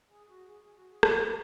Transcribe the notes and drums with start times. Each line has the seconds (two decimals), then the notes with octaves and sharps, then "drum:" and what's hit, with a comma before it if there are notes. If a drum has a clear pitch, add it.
0.10 G#4
0.29 F#4
0.47 G#4
0.62 G#4
0.76 F#4
0.90 G#4
1.03 F#4, drum: rim click